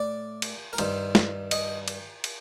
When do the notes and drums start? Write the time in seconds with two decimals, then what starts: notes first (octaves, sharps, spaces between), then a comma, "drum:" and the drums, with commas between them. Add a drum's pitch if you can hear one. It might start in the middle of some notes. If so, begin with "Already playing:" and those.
Already playing: A2 D5
0.42 drum: cymbal
0.73 A#4
0.78 G2 D#3 C5, drum: cymbal
1.15 drum: snare
1.51 D#5, drum: cymbal
1.88 drum: cymbal
2.24 drum: cymbal